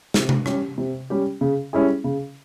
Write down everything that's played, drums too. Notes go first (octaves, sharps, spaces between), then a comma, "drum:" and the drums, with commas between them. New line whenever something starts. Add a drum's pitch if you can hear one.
C3, drum: snare
drum: tom C3
G3 C#4 G4, drum: rim click
C3
G3 C#4 G4
C#3
G3 C#4 E4 G#4
C#3